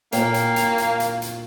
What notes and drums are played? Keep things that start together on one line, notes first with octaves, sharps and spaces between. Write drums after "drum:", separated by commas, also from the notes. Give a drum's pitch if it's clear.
A#2 A#3 C#5 G5, drum: hi-hat
drum: hi-hat
drum: hi-hat
drum: hi-hat
drum: hi-hat
drum: hi-hat